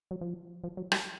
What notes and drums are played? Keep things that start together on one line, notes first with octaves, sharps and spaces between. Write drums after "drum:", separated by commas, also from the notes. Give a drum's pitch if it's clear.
F#3
F3
F3
F#3
G3, drum: rim click